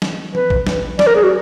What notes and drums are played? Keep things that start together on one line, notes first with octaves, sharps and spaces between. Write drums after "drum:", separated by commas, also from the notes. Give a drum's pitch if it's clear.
drum: snare
B4, drum: tom E3
drum: kick
drum: snare
D5, drum: snare
A#4
G#4
F#4